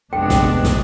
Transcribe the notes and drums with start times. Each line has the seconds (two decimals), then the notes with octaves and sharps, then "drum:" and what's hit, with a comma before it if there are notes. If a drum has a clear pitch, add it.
0.13 F1 G#3 B3 D4 G5
0.30 drum: snare
0.64 drum: snare